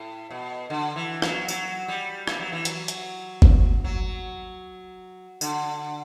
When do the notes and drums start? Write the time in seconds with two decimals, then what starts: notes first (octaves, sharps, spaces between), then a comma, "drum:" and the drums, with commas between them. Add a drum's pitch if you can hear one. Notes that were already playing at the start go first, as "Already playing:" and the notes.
Already playing: A2
0.30 B2
0.70 D3
0.96 E3
1.22 F#3, drum: rim click
1.48 F#3, drum: tambourine
1.88 G3
2.27 G3, drum: rim click
2.40 F#3
2.52 E3
2.65 F#3, drum: hi-hat
2.88 drum: hi-hat
3.42 drum: kick G1
3.84 F#3
5.41 D3, drum: tambourine